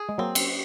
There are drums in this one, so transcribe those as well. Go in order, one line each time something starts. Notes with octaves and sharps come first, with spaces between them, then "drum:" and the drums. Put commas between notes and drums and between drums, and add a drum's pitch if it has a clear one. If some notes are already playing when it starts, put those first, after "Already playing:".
Already playing: G#4
G#3
F#3 A#3 C4
drum: cymbal